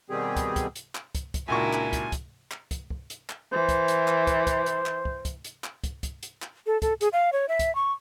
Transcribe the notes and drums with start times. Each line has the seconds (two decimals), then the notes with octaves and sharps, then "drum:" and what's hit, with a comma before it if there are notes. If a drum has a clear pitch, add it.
0.10 B2 D#3 G3 C4 G4 G#4
0.36 drum: kick, hi-hat
0.56 drum: kick, hi-hat
0.76 drum: hi-hat
0.95 drum: clap
1.15 drum: kick, hi-hat
1.34 drum: kick, hi-hat
1.48 C#2 A#2 D4 E4 F#4 A#4 G#5 C#6
1.73 drum: clap
1.93 drum: kick, hi-hat
2.12 drum: kick, hi-hat
2.51 drum: clap
2.71 drum: kick, hi-hat
2.90 drum: kick
3.10 drum: hi-hat
3.30 drum: clap
3.52 E3 C5
3.69 drum: kick, hi-hat
3.88 drum: hi-hat
4.08 drum: clap
4.27 drum: kick, hi-hat
4.47 drum: kick, hi-hat
4.66 drum: hi-hat
4.86 drum: clap
5.05 drum: kick
5.25 drum: kick, hi-hat
5.44 drum: hi-hat
5.64 drum: clap
5.84 drum: kick, hi-hat
6.03 drum: kick, hi-hat
6.23 drum: hi-hat
6.42 drum: clap
6.66 A4
6.82 A4, drum: kick, hi-hat
7.01 G#4, drum: hi-hat
7.13 F5
7.33 C#5
7.49 E5
7.59 drum: kick, hi-hat
7.75 C#6